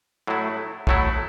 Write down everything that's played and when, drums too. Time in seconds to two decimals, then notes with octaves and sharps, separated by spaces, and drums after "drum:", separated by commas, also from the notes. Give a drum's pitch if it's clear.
0.27 A2 F#3 A3 E4
0.87 A2 F#3 A3 E4, drum: kick